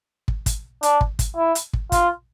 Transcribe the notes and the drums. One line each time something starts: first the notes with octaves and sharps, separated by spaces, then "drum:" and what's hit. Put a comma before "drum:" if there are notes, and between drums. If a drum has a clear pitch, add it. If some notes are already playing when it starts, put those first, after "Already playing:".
drum: kick
drum: kick, hi-hat
D4, drum: hi-hat
drum: kick
drum: kick, hi-hat
E4
drum: hi-hat
drum: kick
F4, drum: kick, hi-hat